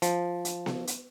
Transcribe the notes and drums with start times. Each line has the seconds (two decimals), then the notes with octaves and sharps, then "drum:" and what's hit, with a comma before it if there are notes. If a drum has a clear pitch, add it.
0.02 F3, drum: hi-hat
0.45 drum: hi-hat
0.66 drum: snare B3
0.87 drum: hi-hat